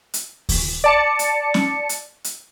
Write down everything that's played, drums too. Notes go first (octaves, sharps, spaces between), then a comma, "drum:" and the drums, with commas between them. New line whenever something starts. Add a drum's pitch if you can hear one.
drum: hi-hat
drum: kick D2, open hi-hat
D5 A5 C#7
drum: hi-hat
drum: snare C#4
drum: hi-hat
drum: hi-hat